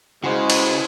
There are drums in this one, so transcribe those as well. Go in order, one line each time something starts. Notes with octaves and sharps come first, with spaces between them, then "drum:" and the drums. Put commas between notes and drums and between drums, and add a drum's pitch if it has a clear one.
C#3 G#3 E4 F#4 C5
drum: cymbal